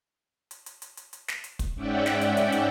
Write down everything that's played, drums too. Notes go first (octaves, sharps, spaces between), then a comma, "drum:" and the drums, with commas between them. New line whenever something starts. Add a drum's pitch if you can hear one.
drum: hi-hat
drum: hi-hat
drum: hi-hat
drum: hi-hat
drum: hi-hat
drum: snare
drum: hi-hat
drum: kick, hi-hat
G#2 C#4 D5 E5 F#5 G5
drum: snare
drum: hi-hat
drum: hi-hat
drum: hi-hat